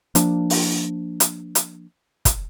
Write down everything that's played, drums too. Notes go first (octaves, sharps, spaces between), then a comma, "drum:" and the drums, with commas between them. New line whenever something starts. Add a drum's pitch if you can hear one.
F3 A#3 D4, drum: hi-hat
drum: open hi-hat
drum: hi-hat
drum: hi-hat
drum: kick, hi-hat